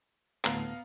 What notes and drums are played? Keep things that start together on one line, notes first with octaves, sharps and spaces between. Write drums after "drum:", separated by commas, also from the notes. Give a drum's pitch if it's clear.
D2 A2 B3 F5 A5 A#5, drum: clap